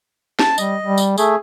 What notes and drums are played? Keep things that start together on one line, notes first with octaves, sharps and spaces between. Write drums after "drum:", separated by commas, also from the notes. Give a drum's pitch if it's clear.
A5, drum: snare
G3 D#5, drum: tambourine
G3
drum: tambourine
A3 G#4, drum: tambourine